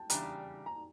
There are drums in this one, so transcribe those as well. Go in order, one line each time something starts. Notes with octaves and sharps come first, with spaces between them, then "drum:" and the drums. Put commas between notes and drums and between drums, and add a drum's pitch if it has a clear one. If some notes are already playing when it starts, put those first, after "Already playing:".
Already playing: G5 A5
E2 C#3 G3 D4 G4 A#5, drum: hi-hat
A#5